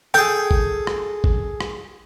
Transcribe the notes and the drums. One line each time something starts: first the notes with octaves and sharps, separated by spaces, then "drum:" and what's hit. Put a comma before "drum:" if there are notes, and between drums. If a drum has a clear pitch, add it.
G#4 A4 G5 G6, drum: tambourine
drum: kick
drum: rim click
drum: kick
drum: rim click